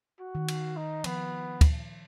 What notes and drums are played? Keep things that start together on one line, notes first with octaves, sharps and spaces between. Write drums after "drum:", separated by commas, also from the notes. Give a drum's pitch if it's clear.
F#4
D#3
drum: cymbal
D#4
F3 B3, drum: cymbal
drum: kick, cymbal